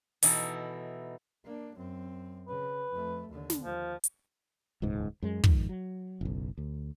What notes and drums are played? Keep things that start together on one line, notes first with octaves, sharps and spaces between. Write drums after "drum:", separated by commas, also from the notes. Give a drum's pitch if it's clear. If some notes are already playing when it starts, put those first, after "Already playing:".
B2 E3 D#4 E4 A4, drum: open hi-hat
A#3 D4
F#2 C4
C#3 B4
F2 A3
D#2 D3
drum: snare
D#2 F3
drum: hi-hat
D#1 C#2 G#2
F#2 G#3
F2 G#2 D#3, drum: kick
F#3
F#1 B1
D2